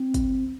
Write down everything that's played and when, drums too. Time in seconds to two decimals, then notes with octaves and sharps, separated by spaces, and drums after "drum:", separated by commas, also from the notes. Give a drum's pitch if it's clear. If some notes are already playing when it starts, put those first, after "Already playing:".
Already playing: C4
0.14 drum: kick, hi-hat